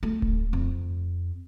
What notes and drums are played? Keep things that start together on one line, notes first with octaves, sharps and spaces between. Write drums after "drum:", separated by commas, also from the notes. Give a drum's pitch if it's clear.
A3
drum: kick D1
F2